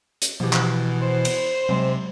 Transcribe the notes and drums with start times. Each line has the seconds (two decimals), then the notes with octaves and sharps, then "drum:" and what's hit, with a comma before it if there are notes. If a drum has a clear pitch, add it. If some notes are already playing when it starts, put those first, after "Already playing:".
0.22 drum: hi-hat
0.40 B2 E3 F3 G4
0.53 drum: clap
1.02 C5
1.25 drum: cymbal
1.69 C3 F#3 G#3